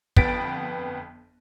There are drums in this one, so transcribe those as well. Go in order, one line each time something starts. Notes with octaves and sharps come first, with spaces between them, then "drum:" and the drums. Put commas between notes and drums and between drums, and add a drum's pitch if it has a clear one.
G1 F2 B3 A6 B6 D7, drum: kick